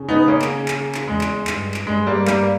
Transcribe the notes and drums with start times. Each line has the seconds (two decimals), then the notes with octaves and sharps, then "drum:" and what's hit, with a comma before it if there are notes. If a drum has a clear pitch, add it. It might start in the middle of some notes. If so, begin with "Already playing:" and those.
Already playing: C#3
0.09 B3 D#4
0.28 A#3 C#4
0.42 drum: clap
0.68 drum: clap
0.95 drum: clap
1.07 E2 G#3
1.21 drum: clap
1.47 G2, drum: clap
1.74 drum: clap
1.87 G2 G#3
2.07 G3 A#3
2.28 G3 A#3, drum: clap